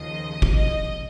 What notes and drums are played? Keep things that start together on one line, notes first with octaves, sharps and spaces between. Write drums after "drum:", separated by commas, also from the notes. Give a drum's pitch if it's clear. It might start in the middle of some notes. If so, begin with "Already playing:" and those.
Already playing: D#2 C#3 F3 D#5
drum: kick
D#5